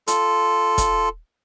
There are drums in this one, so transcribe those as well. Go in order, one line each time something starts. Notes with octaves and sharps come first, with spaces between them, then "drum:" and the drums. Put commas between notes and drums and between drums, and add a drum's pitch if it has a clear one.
F4 A4, drum: hi-hat
drum: kick, hi-hat